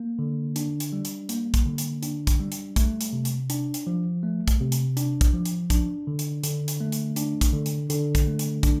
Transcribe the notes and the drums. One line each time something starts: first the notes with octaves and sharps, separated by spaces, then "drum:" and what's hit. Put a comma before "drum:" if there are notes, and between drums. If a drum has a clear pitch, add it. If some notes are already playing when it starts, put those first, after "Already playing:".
Already playing: A#3
D3
D4, drum: hi-hat
drum: hi-hat
G3
drum: hi-hat
A#3, drum: hi-hat
drum: kick, hi-hat
D3
drum: hi-hat
D4, drum: hi-hat
drum: kick, hi-hat
G3
drum: hi-hat
A3, drum: kick, hi-hat
drum: hi-hat
C3
drum: hi-hat
D4, drum: hi-hat
drum: hi-hat
F3
A3
drum: kick, hi-hat
C3
drum: hi-hat
D4, drum: hi-hat
drum: kick, hi-hat
F3
drum: hi-hat
D4, drum: kick, hi-hat
D3
drum: hi-hat
D3, drum: hi-hat
drum: hi-hat
A3
drum: hi-hat
D4, drum: hi-hat
drum: kick, hi-hat
D3
drum: hi-hat
D3, drum: hi-hat
drum: kick, hi-hat
A3
drum: hi-hat
D4, drum: kick, hi-hat